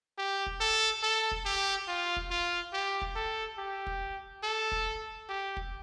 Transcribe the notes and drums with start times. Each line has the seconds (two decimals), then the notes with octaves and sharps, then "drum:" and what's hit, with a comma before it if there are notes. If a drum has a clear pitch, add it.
0.18 G4
0.46 drum: kick
0.60 A4
1.03 A4
1.31 drum: kick
1.45 G4
1.88 F4
2.17 drum: kick
2.31 F4
2.73 G4
3.02 drum: kick
3.15 A4
3.58 G4
3.87 drum: kick
4.43 A4
4.72 drum: kick
5.29 G4
5.57 drum: kick